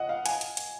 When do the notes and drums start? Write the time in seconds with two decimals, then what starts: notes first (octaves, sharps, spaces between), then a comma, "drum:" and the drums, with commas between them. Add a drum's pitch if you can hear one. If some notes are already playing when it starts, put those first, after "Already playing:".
Already playing: D#5 F#5
0.09 F5
0.26 G#5, drum: hi-hat
0.41 drum: hi-hat
0.57 drum: hi-hat